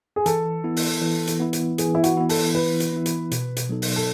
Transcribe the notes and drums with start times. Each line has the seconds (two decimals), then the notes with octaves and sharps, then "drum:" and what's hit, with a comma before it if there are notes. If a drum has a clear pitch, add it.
0.16 G#4
0.26 E3 A4, drum: hi-hat
0.64 B3 E4
0.76 drum: open hi-hat
1.01 E3
1.27 drum: hi-hat
1.40 B3 E4
1.53 drum: hi-hat
1.78 E3 G#4, drum: hi-hat
1.95 E4
2.04 F#4, drum: hi-hat
2.17 B3 E4
2.29 A4, drum: open hi-hat
2.54 E3 B4
2.80 drum: hi-hat
2.92 B3 E4
3.06 drum: hi-hat
3.31 B2, drum: hi-hat
3.57 drum: hi-hat
3.69 F#3 B3 D#4 A4
3.82 drum: open hi-hat
3.96 A4